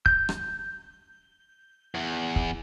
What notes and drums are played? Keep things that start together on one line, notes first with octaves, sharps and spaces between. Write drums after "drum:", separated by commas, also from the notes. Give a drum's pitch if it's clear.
G6, drum: kick
drum: rim click
E2
drum: kick